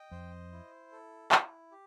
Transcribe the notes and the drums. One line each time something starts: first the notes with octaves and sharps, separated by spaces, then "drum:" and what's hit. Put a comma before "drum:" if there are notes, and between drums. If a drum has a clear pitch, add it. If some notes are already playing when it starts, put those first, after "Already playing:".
Already playing: D#5 G5
F2 C5
E4
A4
E4, drum: clap
G4